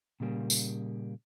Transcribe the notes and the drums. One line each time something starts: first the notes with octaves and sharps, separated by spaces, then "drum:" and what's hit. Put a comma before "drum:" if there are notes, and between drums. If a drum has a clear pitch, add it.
A#2 C#3 G3 A#3
drum: tambourine